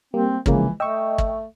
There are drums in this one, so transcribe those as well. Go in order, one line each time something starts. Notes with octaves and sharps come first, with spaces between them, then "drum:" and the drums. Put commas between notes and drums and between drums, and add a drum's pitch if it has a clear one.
G3 A#3 C4 G4
C2 C#3 E3 F3 G#3 A#3, drum: kick
A3 D#5 G5 C#6 E6
drum: kick